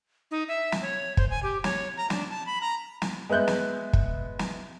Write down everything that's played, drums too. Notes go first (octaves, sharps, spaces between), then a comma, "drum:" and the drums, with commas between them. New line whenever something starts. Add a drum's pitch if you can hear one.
D#4
E5
drum: snare
C#5
C5, drum: kick
G#5
G4
C#5, drum: snare
A#5
D4, drum: snare
A5
B5
A#5
drum: snare
G#3 B3 E5 F#6 G6
drum: snare
drum: kick
drum: snare